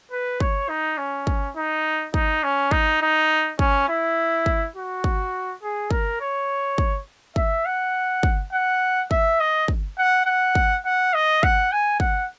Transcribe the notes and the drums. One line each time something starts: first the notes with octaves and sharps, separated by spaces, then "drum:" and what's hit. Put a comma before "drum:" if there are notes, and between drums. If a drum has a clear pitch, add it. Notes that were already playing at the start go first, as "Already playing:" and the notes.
B4
C#5, drum: kick
D#4
C#4
drum: kick
D#4
D#4, drum: kick
C#4
D#4, drum: kick
D#4
C#4, drum: kick
E4
drum: kick
F#4
drum: kick
G#4
A#4, drum: kick
C#5
drum: kick
E5, drum: kick
F#5
drum: kick
F#5
E5, drum: kick
D#5
drum: kick
F#5
F#5
drum: kick
F#5
D#5
F#5, drum: kick
G#5
F#5, drum: kick